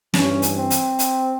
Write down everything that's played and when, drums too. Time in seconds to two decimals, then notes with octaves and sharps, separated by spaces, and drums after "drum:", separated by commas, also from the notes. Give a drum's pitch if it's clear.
0.14 G2 E3 C#4, drum: snare
0.42 drum: hi-hat
0.57 C4
0.70 drum: hi-hat
0.99 drum: hi-hat